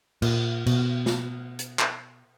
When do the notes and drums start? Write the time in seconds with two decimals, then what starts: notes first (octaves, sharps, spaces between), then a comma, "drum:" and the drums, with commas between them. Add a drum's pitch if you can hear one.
0.22 A#2, drum: cymbal
0.67 B2, drum: cymbal
1.06 drum: snare
1.59 drum: hi-hat
1.79 drum: clap